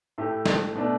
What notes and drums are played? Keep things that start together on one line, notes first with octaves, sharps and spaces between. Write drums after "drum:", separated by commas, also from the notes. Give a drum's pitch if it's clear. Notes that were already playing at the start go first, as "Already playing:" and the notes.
A2 A3 G4
drum: snare
B2 A3 D4